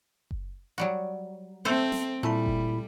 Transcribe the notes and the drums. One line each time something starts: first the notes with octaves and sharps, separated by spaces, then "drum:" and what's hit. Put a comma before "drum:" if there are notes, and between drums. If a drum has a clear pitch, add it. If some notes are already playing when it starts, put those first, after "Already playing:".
drum: kick F#1
F#3 G3 F#4
A3 C4 A4 C5
drum: snare
A#2 G3 A3 E4 B5
drum: kick F#1